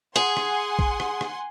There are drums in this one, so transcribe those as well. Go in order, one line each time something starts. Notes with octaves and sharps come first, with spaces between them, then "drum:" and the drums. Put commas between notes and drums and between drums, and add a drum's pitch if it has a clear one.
G#4 F#5 G#5 C6
drum: rim click
drum: kick A#1
drum: rim click
drum: rim click